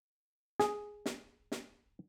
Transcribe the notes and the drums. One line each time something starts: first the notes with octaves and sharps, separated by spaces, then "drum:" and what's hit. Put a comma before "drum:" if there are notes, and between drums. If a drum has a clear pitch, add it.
G#4, drum: snare
drum: snare
drum: snare